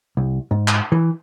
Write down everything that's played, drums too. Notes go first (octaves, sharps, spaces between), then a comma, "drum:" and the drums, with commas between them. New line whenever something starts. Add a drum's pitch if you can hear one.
C2
G#2
drum: clap
E3